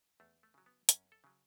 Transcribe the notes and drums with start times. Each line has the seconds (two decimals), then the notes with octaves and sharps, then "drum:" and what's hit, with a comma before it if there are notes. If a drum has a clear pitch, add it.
0.20 E2 A3
0.43 A3
0.54 C#3 F#3
0.66 B3
0.89 F#2 C#4, drum: hi-hat
1.12 A4
1.24 C#3 F#3